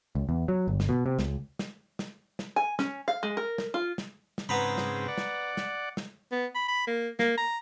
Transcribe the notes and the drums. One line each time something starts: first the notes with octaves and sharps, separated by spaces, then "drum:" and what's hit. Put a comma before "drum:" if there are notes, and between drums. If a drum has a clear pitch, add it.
C#2
E2
F#3
G1
drum: snare
B2
C3
C#2, drum: snare
drum: snare
drum: snare
drum: snare
G#5
C#4, drum: snare
F5
G#3
A#4
drum: snare
F4
drum: snare
drum: snare
G#2 C#3 B3 C4 A#5 B5
drum: snare
D5 F#5
drum: snare
drum: snare
drum: snare
B3
B5
B5
A#3
A#3, drum: snare
A#5